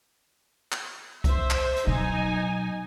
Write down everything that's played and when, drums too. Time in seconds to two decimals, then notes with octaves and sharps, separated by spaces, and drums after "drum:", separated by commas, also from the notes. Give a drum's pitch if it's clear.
0.72 drum: clap
1.24 C5 E5, drum: kick C2, hi-hat
1.50 drum: clap
1.76 drum: hi-hat
1.87 B2 F#3 D#4 G#5